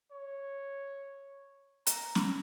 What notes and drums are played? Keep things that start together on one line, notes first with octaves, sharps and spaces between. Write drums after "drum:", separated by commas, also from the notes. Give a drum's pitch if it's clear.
C#5
A#5, drum: hi-hat
drum: snare C#4